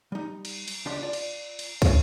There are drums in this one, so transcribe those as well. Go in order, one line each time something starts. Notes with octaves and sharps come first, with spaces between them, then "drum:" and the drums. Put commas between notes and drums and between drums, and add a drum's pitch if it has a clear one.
G3 D#4
drum: cymbal
drum: cymbal
C#2 D4 G4 D5 C6
F4 D5
drum: cymbal
drum: cymbal
C#5, drum: kick, cymbal